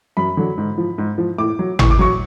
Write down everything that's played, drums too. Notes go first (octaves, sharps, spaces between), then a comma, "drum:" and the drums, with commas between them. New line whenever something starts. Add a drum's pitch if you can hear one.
F#2 B5
D3 F#3
G#2
F3
G#2
F3
A2 D6
F#3
A2 C#6, drum: tom G#1
D6
F#3 C#6